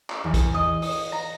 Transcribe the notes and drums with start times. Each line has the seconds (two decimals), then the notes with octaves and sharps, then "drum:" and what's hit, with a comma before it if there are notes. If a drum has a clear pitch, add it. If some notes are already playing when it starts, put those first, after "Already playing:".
0.10 drum: clap
0.24 E2
0.34 drum: kick, hi-hat
0.54 D#5
0.82 D#6, drum: open hi-hat
1.12 A#5